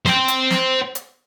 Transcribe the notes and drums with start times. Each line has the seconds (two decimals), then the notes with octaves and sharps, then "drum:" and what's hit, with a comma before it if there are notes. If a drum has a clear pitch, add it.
0.06 C5 G5, drum: snare
0.28 drum: hi-hat
0.50 drum: snare
0.95 drum: hi-hat